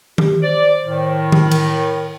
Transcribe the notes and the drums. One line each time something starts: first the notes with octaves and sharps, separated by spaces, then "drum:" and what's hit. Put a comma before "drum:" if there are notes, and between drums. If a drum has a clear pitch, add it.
G4, drum: tom D#3
C5 D5
A2 D#3
drum: tom D#3
A#4, drum: cymbal